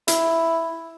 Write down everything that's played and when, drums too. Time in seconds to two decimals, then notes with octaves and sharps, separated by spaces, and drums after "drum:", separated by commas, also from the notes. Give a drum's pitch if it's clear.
0.08 E4, drum: hi-hat